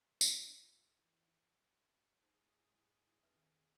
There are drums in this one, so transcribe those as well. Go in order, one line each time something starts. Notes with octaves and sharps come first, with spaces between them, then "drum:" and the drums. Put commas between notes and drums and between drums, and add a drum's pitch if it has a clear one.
C#5, drum: tambourine
F4
E3
G#2 D#4 E4 G#4 C5 D#6
F2 D#3 B4 E5